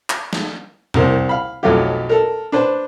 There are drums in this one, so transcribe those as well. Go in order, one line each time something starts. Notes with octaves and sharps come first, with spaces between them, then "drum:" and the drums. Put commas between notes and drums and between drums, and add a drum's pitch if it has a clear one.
drum: clap
drum: snare
C2 C3 A#4 C5, drum: tom
F5 B5
B1 F2 F#3 A3 F4 G4
A4 A#4
D4 B4 C5